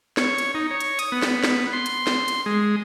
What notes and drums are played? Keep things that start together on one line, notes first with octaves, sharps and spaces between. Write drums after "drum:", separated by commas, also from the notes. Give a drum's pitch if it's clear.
C#5, drum: snare
drum: hi-hat
D#4
C#5
drum: hi-hat
D#6, drum: hi-hat
B3
drum: snare
drum: snare
C6
drum: hi-hat
drum: snare
drum: hi-hat
G#3